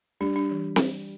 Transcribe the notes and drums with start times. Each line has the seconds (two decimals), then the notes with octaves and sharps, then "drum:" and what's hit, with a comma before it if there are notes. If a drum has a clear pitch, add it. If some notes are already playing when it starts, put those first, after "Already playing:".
0.20 G3 D4
0.36 D4
0.51 E3
0.76 drum: snare C4